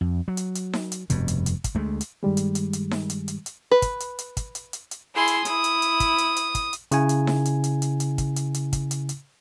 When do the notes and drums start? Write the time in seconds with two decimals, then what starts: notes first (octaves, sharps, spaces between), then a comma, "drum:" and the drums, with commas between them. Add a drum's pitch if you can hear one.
0.01 F2
0.28 F#3
0.37 drum: hi-hat
0.55 drum: hi-hat
0.73 drum: snare D#4
0.92 drum: hi-hat
1.10 F1 G2 B2, drum: hi-hat
1.28 drum: hi-hat
1.46 drum: hi-hat
1.64 drum: kick, hi-hat
1.75 D2 G#3 A3
2.01 drum: hi-hat
2.23 G2 D#3 G3 G#3
2.37 drum: hi-hat
2.55 drum: hi-hat
2.73 drum: hi-hat
2.91 drum: snare D#4
3.10 drum: hi-hat
3.28 drum: hi-hat
3.46 drum: hi-hat
3.71 B4
3.82 drum: kick, hi-hat
4.00 drum: hi-hat
4.19 drum: hi-hat
4.37 drum: kick, hi-hat
4.55 drum: hi-hat
4.73 drum: hi-hat
4.91 drum: hi-hat
5.14 E4 G#4 C6
5.28 drum: hi-hat
5.45 E4 D#6, drum: hi-hat
5.64 drum: hi-hat
5.82 drum: hi-hat
6.00 drum: kick, hi-hat
6.18 drum: hi-hat
6.36 drum: hi-hat
6.55 drum: kick, hi-hat
6.73 drum: hi-hat
6.92 C#3 E4 G#5, drum: hi-hat
7.09 drum: hi-hat
7.27 drum: snare D#4
7.45 drum: hi-hat
7.64 drum: hi-hat
7.82 drum: hi-hat
8.00 drum: hi-hat
8.18 drum: kick, hi-hat
8.36 drum: hi-hat
8.54 drum: hi-hat
8.73 drum: kick, hi-hat
8.91 drum: hi-hat
9.09 drum: hi-hat